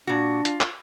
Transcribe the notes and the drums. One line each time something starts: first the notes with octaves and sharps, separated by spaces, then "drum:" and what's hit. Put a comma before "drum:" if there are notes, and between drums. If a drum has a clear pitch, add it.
A#2 D4 F#4
F4, drum: hi-hat
drum: clap